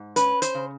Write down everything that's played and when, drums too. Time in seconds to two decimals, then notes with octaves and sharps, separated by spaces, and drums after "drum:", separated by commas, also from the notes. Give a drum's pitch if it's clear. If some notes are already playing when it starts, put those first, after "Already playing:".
Already playing: G#2
0.16 C#4 B4, drum: hi-hat
0.42 C5, drum: hi-hat
0.55 C#3